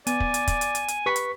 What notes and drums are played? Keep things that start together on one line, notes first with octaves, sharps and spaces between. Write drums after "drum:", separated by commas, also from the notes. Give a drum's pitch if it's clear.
B3 D5 G#5, drum: hi-hat
drum: kick
drum: hi-hat
drum: kick, hi-hat
drum: hi-hat
drum: hi-hat
drum: hi-hat
G4 B4 B5 C#6 B6
drum: hi-hat